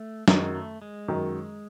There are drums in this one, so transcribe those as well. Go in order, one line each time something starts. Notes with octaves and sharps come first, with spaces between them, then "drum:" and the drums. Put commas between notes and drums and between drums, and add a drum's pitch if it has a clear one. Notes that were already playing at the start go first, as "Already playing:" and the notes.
Already playing: A3
F#2 D#3 F#3 G#3, drum: snare
A3
G#3
F#2 D#3 F#3